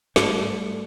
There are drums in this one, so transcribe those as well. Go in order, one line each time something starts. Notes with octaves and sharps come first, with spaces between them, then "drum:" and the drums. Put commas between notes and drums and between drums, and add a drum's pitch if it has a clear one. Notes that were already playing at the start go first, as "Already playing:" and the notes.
G#2 G3 A3, drum: snare